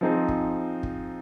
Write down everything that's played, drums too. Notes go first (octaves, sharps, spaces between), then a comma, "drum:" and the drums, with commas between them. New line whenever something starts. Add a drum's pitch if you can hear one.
F3 C4 D#4 G#4
drum: kick
drum: kick